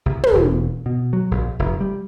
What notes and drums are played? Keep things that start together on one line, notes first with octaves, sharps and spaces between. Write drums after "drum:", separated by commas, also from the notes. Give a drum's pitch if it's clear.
C2
drum: tom
E1
B2
F#3
A#1
F1
G3